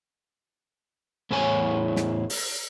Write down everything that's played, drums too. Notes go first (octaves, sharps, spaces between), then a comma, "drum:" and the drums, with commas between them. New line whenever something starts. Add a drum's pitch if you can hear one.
E2 A2 E4 G#4 C#5 G#5
drum: snare
drum: open hi-hat